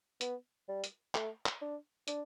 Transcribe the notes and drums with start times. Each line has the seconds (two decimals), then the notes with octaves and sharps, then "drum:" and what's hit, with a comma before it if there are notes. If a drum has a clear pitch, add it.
0.21 B3, drum: hi-hat
0.69 G3
0.84 drum: hi-hat
1.15 A3, drum: clap
1.46 drum: clap
1.62 D4
2.08 D4, drum: hi-hat